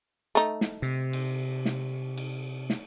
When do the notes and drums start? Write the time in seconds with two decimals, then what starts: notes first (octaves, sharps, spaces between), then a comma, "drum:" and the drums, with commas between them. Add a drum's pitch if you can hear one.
0.35 A3 D#4
0.61 drum: snare
0.82 C3
1.13 drum: cymbal
1.65 drum: snare
2.18 drum: cymbal
2.70 drum: snare